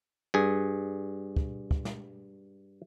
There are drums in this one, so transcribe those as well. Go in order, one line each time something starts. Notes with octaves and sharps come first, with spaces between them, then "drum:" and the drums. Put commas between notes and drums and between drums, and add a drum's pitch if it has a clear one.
G2 G#4
drum: kick
drum: kick
drum: snare